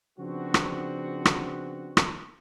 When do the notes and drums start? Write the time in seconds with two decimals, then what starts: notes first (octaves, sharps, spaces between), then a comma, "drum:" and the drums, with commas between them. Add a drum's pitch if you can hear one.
0.18 C#3 F3 B3 C4 D4 F#4
0.54 drum: rim click
1.25 drum: rim click
1.97 drum: rim click